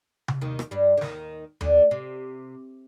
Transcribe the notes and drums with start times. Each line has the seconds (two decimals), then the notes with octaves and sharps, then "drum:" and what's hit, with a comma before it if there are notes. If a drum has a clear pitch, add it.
0.28 drum: tom C3
0.41 D#2 D#3
0.59 drum: rim click
0.71 G2 G3
0.97 D3
1.01 D#2 D#3, drum: snare
1.61 D2 D3, drum: tom D#2
1.91 C3